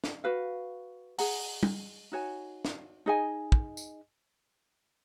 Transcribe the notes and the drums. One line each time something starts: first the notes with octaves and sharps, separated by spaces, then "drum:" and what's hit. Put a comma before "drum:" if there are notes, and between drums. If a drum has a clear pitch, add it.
drum: snare
F#4 B4 F5
G#4 D#5 F#5 A#5, drum: open hi-hat
drum: tom
D#4 F#4 C#5 G#5
drum: snare
D#4 G#4 D#5 G#5
drum: kick
drum: tambourine